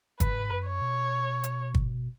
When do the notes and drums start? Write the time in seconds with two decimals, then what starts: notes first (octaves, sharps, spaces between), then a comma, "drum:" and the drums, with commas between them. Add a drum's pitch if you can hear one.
0.20 G#2 B4, drum: kick, hi-hat
0.51 F#2
0.66 C#5
0.82 B2
1.44 drum: hi-hat
1.74 drum: kick